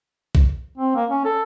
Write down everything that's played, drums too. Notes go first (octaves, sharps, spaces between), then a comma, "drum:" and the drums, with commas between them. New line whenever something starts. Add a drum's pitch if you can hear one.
drum: kick B1
C4
A#3
C#4
A4